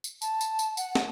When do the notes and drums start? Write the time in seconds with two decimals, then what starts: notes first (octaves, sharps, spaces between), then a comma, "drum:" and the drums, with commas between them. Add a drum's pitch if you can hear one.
0.04 drum: tambourine
0.22 A5, drum: tambourine
0.41 drum: tambourine
0.59 drum: tambourine
0.77 F#5, drum: tambourine
0.95 drum: snare